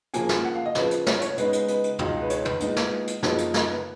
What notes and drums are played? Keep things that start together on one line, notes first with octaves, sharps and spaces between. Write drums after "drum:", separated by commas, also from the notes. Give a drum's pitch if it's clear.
C#3 F3 A#3 G#5, drum: hi-hat
drum: snare
F#5
F5
D#5
C#3 F3 B3 B4, drum: snare
drum: hi-hat
C#5, drum: snare
B4
C#5, drum: hi-hat
C#3 G#3 B3 D#4 B4, drum: hi-hat
drum: hi-hat
B4, drum: hi-hat
drum: hi-hat
C#2 B2 G#3 D#4, drum: tom
B4
C#5, drum: hi-hat
B4, drum: tom
A#2 G#3 B3 D#4, drum: hi-hat
drum: snare
drum: hi-hat
F#2 C#3 F3 A#3 D#4 B4, drum: snare
drum: hi-hat
A#4, drum: snare
B4